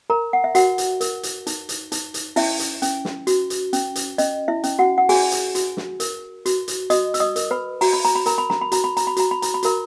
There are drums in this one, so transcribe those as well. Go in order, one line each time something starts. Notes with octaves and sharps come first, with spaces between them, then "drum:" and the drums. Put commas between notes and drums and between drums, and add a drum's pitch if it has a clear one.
A#4 A#5
F#5
E5
F#4 A#4 F#5, drum: hi-hat
drum: hi-hat
A#4, drum: hi-hat
drum: hi-hat
D#4, drum: hi-hat
drum: hi-hat
D#4, drum: hi-hat
drum: hi-hat
C#4 E4 E5, drum: open hi-hat
drum: hi-hat
C#4, drum: hi-hat
drum: snare
F#4, drum: hi-hat
drum: hi-hat
C#4, drum: hi-hat
drum: hi-hat
C#4 D#5, drum: hi-hat
E4 E5
C#4, drum: hi-hat
F#4 F#5
F#5
F#4 G#4 G#5, drum: open hi-hat
drum: hi-hat
F#4, drum: hi-hat
drum: snare
A#4, drum: hi-hat
F#4, drum: hi-hat
drum: hi-hat
F#4 D#5 D#6, drum: hi-hat
E6, drum: hi-hat
D#5 D#6
A#4, drum: hi-hat
B4 B5
F#4 A#5, drum: open hi-hat
B5
A#5, drum: hi-hat
B5
A#4 A#5, drum: hi-hat
B5
A#5, drum: snare
B5
F#4 A#5, drum: hi-hat
B5
A#5, drum: hi-hat
B5
F#4 A#5, drum: hi-hat
B5
A#5, drum: hi-hat
B5
F#4 A#4 A#5, drum: hi-hat